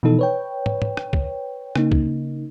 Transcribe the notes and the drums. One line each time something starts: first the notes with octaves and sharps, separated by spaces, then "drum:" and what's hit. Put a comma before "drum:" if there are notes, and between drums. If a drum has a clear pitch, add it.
B2 E3 F3 D#4 A4
B4 C#5 G5
drum: tom
drum: tom
drum: rim click
drum: kick
C#3 A#3 D#4, drum: rim click
drum: kick